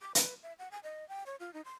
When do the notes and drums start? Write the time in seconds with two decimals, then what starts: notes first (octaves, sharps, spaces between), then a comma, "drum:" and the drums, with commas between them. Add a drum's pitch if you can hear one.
0.02 D6
0.15 B4, drum: hi-hat
0.43 E5
0.59 F#5
0.71 G#5
0.84 D#5
1.09 G5
1.26 C#5
1.40 F4
1.54 D#4
1.65 C6